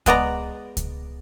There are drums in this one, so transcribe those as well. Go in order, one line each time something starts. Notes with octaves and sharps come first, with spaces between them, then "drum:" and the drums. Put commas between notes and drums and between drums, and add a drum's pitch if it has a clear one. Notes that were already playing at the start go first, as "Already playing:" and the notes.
G#3 B3 D5 A#5, drum: kick C#2, hi-hat
drum: kick C#2, hi-hat